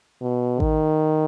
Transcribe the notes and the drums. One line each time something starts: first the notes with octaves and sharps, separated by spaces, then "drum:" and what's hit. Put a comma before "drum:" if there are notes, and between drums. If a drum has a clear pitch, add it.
B2
D#3, drum: kick A1